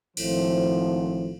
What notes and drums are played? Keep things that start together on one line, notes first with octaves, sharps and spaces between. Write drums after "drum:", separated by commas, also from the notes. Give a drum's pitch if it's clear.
G#1 A2 F3, drum: cymbal